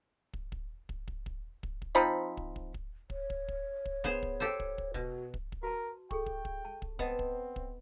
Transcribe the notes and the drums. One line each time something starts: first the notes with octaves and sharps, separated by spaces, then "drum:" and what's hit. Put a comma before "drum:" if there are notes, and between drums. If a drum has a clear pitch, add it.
drum: kick
drum: kick
drum: kick
drum: kick
drum: kick
drum: kick
drum: kick
F3 C4 D#4 B5
drum: kick
drum: kick
drum: kick
C#5, drum: kick
drum: kick
drum: kick
drum: kick
B3 G#4 C5, drum: kick
drum: kick
G4 A4 C5
drum: kick
drum: kick
B2 F#4, drum: kick
drum: kick
drum: kick
F#4 A#4 B4 A5
G#4 A4 G5 C#6, drum: kick
drum: kick
drum: kick
A5
drum: kick
B3 C4 C5 D#5 F#5 A5, drum: kick
drum: kick
drum: kick